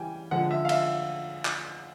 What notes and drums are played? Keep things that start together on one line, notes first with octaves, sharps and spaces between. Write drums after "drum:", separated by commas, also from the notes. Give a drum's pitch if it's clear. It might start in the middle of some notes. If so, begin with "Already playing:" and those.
Already playing: C#3 E3 G3 G5 G#5
D3 F3 G#3 F#5
E5
F5
E5, drum: cymbal
drum: clap